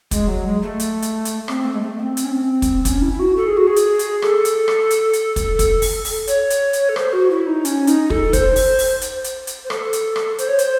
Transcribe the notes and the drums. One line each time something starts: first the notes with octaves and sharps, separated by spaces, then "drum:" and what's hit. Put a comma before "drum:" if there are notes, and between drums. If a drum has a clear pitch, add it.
G#3, drum: kick, hi-hat
F#3
G#3
A3
drum: hi-hat
drum: hi-hat
drum: hi-hat
C4, drum: rim click
A3
G#3
A3
C4
C4, drum: hi-hat
C#4
C4
drum: kick, hi-hat
C#4, drum: kick, hi-hat
E4
E4
F#4
A4
G#4
F#4
G#4
drum: hi-hat
drum: hi-hat
A4, drum: rim click
drum: hi-hat
drum: rim click
drum: hi-hat
drum: hi-hat
drum: kick, hi-hat
drum: kick, hi-hat
drum: open hi-hat
drum: open hi-hat
C#5, drum: hi-hat
drum: hi-hat
drum: hi-hat
A4
C5, drum: rim click
F#4
E4
D#4
C#4, drum: hi-hat
D#4, drum: hi-hat
A4, drum: kick
C5, drum: kick, hi-hat
drum: open hi-hat
drum: open hi-hat
drum: hi-hat
drum: hi-hat
drum: hi-hat
C5
A4, drum: rim click
drum: hi-hat
drum: rim click
C5, drum: hi-hat
C#5
C5, drum: hi-hat